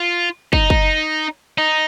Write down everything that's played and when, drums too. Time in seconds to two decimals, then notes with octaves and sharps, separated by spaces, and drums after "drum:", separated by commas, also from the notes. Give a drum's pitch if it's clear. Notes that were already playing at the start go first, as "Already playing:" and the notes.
Already playing: F4
0.53 D#4, drum: kick
0.70 drum: kick
1.58 D#4